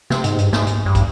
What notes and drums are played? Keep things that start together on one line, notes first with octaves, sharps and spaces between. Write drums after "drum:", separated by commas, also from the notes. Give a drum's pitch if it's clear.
C3, drum: snare
G#2, drum: hi-hat
G2, drum: hi-hat
G#2, drum: snare
drum: hi-hat
G2
drum: kick, hi-hat